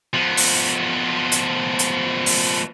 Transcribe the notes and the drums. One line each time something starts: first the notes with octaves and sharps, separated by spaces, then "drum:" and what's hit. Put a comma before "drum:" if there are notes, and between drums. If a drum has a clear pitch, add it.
F3 B3
drum: open hi-hat
drum: hi-hat
drum: hi-hat
drum: open hi-hat